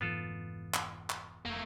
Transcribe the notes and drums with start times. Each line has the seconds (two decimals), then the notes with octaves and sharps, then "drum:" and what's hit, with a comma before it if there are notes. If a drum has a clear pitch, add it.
0.01 F1 G#2 E3 B3 F4 A4
0.74 drum: clap
1.10 drum: clap
1.45 F1 A3 A#3